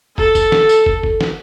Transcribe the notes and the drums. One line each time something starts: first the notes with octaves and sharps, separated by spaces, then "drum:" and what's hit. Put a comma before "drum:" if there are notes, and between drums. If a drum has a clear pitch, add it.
A4, drum: kick
drum: kick, tambourine
drum: snare
drum: tambourine
drum: kick
drum: kick
drum: snare